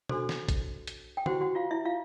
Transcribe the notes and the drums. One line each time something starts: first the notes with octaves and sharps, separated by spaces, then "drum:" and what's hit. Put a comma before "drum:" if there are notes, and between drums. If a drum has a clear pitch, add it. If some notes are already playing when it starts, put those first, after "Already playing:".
D4 F#4 A4 C5, drum: tom
drum: snare
drum: kick, hi-hat
drum: hi-hat
G5
E4 F#4 G4 C5 F#5, drum: tom
F#4 F#5
F4 F5
E4 E5
F4 F5